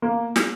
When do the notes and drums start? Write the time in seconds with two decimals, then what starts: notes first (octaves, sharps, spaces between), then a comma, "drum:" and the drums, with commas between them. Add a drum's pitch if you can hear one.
0.02 A#3
0.36 drum: snare